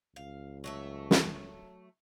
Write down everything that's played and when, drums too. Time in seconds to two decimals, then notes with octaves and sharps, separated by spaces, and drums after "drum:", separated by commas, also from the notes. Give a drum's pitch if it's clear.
0.16 C#2 F5
0.64 F#3 A3 E5
1.11 drum: snare